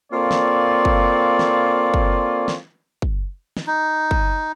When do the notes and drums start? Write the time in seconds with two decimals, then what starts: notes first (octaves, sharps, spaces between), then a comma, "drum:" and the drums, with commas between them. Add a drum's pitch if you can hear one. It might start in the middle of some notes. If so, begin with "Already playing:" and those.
0.13 A#3 C4 F4 A4 C#5 D5
0.31 drum: snare
0.85 drum: kick
1.39 drum: snare
1.94 drum: kick
2.48 drum: snare
3.02 drum: kick
3.57 drum: snare
3.67 D#4
4.11 drum: kick